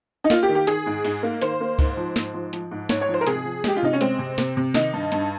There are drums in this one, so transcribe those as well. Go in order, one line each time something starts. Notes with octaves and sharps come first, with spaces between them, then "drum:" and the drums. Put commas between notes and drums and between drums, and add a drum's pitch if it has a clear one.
D#4
A#3 F4, drum: snare
G4
D#3
G4
D#3 G#4, drum: hi-hat
G#2
G#2, drum: open hi-hat
A#3
D#3 C5, drum: hi-hat
A#3
G#2, drum: kick C#2, open hi-hat
F3
G#2, drum: snare
F3
F3, drum: hi-hat
G#2
G#2 C#5, drum: snare
C#5
F3
C5
A#4
C3 G#4, drum: hi-hat
F3
G#3 G4, drum: snare
F4
C3 D#4
C#4
G#3 C4, drum: hi-hat
C3
C3, drum: snare
C3
D#3 D#4, drum: snare
G2
G2, drum: hi-hat